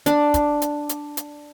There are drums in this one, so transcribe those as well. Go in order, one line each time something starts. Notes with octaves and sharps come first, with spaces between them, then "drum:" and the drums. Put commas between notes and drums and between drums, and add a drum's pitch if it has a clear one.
D4, drum: hi-hat
drum: kick, hi-hat
drum: hi-hat
drum: hi-hat
drum: hi-hat